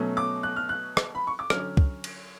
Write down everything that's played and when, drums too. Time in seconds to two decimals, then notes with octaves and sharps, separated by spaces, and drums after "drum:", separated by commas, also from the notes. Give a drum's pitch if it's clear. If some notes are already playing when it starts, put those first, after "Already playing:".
Already playing: B2 F#3 A3 C#4
0.17 D6
0.43 F#6
0.56 F6
0.69 F#6
0.97 drum: rim click
1.15 B5
1.27 C#6
1.39 D6
1.50 D3 F#3 C#4 F6, drum: rim click
1.77 drum: kick
2.04 drum: cymbal